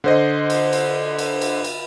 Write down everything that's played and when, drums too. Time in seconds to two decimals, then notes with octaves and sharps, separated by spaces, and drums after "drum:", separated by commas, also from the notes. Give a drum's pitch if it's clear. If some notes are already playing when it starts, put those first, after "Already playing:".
0.04 D3 C5 D#5
0.50 drum: cymbal
0.73 drum: cymbal
1.19 drum: cymbal
1.41 drum: cymbal
1.64 drum: cymbal